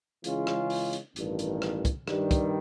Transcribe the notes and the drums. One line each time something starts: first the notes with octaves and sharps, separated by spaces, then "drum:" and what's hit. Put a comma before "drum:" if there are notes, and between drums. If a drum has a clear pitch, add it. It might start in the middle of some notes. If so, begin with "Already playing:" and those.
C#3 E3 G#3 C#4 F4, drum: hi-hat
drum: rim click
drum: open hi-hat
drum: hi-hat
A1 G2 D#3, drum: hi-hat
drum: hi-hat
drum: rim click
drum: kick, hi-hat
G2 D#3 G3, drum: rim click
drum: kick, hi-hat